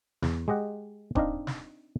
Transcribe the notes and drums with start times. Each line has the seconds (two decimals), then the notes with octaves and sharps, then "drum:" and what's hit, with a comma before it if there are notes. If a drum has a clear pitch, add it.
0.22 E2, drum: snare
0.48 G#3 G4 D#5 F#5
1.15 C4 D4 D#4 D#5 F5, drum: kick D1
1.47 drum: snare